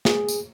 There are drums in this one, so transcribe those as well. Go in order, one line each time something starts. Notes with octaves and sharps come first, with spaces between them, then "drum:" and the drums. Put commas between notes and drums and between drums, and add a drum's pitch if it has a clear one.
G#4, drum: snare
drum: tambourine